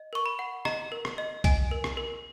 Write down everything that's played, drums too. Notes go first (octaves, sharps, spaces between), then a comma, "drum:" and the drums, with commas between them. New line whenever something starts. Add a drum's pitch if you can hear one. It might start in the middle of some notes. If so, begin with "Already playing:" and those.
Already playing: D#5
A#4 C#6
B5
F#5
D#5 A#5, drum: rim click
A#4
drum: rim click
D#5
D#5 G#5, drum: kick B1, hi-hat
A#4
drum: rim click
A#4